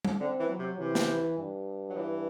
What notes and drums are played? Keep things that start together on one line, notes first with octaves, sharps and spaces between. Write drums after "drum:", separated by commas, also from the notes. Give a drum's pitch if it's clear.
drum: tom
D3 C4
E3
F#3
C3
C3 E3
drum: snare
E3
G2
F#3
E3